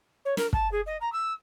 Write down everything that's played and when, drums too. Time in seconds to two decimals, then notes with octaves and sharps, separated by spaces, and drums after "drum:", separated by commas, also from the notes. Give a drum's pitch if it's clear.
0.25 C#5
0.37 A#4, drum: snare
0.53 A5, drum: kick
0.71 G#4
0.86 D#5
1.01 A#5
1.12 E6